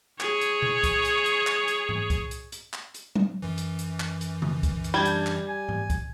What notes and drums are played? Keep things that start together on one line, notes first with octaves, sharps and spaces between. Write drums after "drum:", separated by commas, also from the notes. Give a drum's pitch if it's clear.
G#4 C#5, drum: clap
drum: hi-hat
drum: tom C3
drum: kick C2, hi-hat
drum: hi-hat
drum: hi-hat
drum: clap
drum: hi-hat
drum: tom G#2
drum: kick C2, hi-hat
drum: hi-hat
drum: hi-hat
drum: clap
drum: hi-hat
drum: tom F#3
F#2 E3
drum: hi-hat
drum: hi-hat
drum: clap
drum: hi-hat
drum: tom C#3
drum: kick C2, hi-hat
drum: hi-hat
G3 D4 G6 G#6
drum: hi-hat
drum: clap
G#5
drum: tom G#2
drum: kick C2, hi-hat